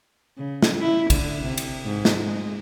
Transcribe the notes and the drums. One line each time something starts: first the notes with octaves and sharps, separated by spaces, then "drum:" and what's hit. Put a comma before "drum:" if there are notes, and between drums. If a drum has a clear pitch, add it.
C#3
drum: snare
E4
D3, drum: kick, cymbal
C3
drum: cymbal
G#2
drum: snare
G#3